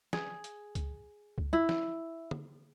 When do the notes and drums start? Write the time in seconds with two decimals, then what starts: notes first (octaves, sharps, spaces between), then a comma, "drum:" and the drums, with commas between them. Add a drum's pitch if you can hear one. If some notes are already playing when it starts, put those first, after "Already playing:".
0.13 G#4, drum: snare
0.44 drum: hi-hat
0.75 drum: kick C#2, hi-hat
1.38 drum: kick C#2
1.53 E4
1.69 drum: snare
2.31 drum: tom